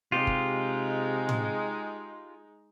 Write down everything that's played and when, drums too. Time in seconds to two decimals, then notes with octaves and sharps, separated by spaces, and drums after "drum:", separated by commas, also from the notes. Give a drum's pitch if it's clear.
0.12 C3 G#3 D#4 F4 G4
0.27 drum: kick
1.29 drum: tom A2